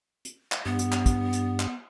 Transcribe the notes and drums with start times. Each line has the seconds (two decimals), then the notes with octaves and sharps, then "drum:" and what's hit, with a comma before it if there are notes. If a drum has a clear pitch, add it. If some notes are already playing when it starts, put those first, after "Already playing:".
0.25 drum: hi-hat
0.52 drum: clap
0.65 G2 B3
0.79 drum: hi-hat
0.92 drum: clap
1.06 drum: kick, hi-hat
1.33 drum: hi-hat
1.60 drum: clap